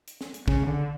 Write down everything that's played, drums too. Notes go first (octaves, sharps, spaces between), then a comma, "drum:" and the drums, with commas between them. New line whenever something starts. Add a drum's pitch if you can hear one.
drum: hi-hat
drum: snare
drum: hi-hat
C#3, drum: kick
D3